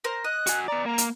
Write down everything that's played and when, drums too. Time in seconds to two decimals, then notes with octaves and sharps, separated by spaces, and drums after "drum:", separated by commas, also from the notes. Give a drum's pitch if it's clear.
0.04 A#4 C5
0.24 D#5 F#6
0.47 F#4 G#5, drum: hi-hat
0.68 B3 D5 A#5
0.86 A#3 A#5
0.98 drum: hi-hat